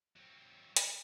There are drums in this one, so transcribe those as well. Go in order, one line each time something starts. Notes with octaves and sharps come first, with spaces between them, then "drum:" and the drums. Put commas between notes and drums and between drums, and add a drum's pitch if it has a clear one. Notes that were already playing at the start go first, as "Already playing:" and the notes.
F#3 C4
drum: hi-hat